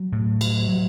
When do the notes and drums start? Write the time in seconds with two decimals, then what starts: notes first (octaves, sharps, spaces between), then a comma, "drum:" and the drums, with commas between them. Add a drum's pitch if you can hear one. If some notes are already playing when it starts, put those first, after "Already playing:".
Already playing: F#3
0.12 A2
0.41 F#3, drum: cymbal
0.68 F#3